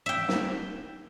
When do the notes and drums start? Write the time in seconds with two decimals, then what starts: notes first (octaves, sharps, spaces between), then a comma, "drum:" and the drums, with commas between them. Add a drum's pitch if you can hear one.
0.06 E5 G5
0.28 drum: snare